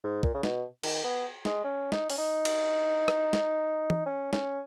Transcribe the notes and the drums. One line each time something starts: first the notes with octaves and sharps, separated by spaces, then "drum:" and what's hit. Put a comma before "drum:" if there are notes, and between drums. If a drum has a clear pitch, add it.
G#2
A#2, drum: kick
C#3
B2, drum: snare
D#3, drum: cymbal
B3
G#3, drum: snare
C#4
D#4, drum: snare
C#4, drum: open hi-hat
D#4
drum: cymbal
drum: rim click
drum: snare
drum: tom
C#4
C#4, drum: snare